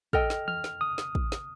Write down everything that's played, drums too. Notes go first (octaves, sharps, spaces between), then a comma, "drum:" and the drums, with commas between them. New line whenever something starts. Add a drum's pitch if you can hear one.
A4 D#5 G5 F6, drum: kick
drum: snare
F6, drum: tom E3
drum: snare
D#6
drum: snare
drum: kick
drum: snare